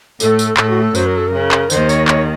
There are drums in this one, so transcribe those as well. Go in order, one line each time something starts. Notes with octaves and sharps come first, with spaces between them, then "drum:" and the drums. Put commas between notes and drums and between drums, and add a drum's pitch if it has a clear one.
A2 A3 A4, drum: tambourine
drum: tambourine
A2 A3 A4, drum: clap
F#4
A4
F#2 F#3 C5, drum: tambourine
A#4
A4
C#3 A#4
drum: clap
D#2 D#3 C5, drum: tambourine
C#5, drum: tambourine
C#5, drum: clap